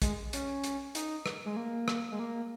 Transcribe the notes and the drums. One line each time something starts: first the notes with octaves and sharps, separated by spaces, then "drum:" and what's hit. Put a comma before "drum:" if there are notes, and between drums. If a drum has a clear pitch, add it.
G#3, drum: kick, hi-hat
C#4, drum: hi-hat
drum: hi-hat
D#4, drum: hi-hat
drum: rim click
G#3
A#3
drum: rim click
G#3
A#3